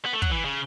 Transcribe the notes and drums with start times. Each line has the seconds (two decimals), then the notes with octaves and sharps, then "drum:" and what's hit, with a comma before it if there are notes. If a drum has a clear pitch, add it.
0.05 B3
0.14 A3
0.22 F#3, drum: kick
0.31 E3
0.45 C#3